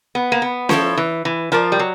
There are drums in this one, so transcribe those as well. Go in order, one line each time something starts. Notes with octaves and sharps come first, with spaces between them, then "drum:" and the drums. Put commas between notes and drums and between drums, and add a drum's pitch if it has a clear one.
B3
A#3
B3
F3 E4 A4 C#5, drum: snare C#4
E3
E3
F3 F4 A#4 D5
G3
F#3